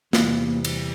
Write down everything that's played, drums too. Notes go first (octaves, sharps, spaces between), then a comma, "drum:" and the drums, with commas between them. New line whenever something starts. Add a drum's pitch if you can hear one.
E2 C3 E3 G3 A#3, drum: snare
drum: cymbal